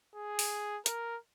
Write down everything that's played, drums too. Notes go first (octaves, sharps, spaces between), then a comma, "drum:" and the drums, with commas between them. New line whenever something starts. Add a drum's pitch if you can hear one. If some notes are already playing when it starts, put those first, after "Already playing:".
G#4
drum: open hi-hat
A#4, drum: hi-hat